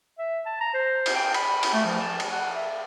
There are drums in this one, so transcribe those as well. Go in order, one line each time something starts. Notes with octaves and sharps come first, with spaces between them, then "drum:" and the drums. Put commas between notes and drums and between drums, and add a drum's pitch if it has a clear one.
E5
A5
A#5
C5
drum: cymbal
G5
B5, drum: cymbal
drum: cymbal
A3
F3
A5
drum: cymbal
F#5
E5